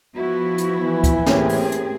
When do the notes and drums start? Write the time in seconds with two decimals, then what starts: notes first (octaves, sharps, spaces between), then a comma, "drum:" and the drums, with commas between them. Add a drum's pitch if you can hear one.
0.16 F3 B3 E4 F#4
0.58 drum: hi-hat
0.77 E3
1.04 drum: kick C#2, hi-hat
1.26 A2 A#3 C4 C#4 G4 G#4 G5, drum: snare
1.49 drum: open hi-hat
1.72 drum: hi-hat